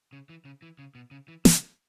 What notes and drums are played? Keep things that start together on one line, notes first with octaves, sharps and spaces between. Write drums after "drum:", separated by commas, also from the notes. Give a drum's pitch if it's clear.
C#3
E3
C#3
E3
C#3
B2
C#3
E3
C#3, drum: snare